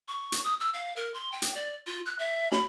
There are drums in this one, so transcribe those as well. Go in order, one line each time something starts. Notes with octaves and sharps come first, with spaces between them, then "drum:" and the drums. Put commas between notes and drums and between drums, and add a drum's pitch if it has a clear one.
C#6
drum: hi-hat
D#6
E6
F5
A#4
C6
G5
drum: hi-hat
D5
F4
F#6
E5
B5, drum: snare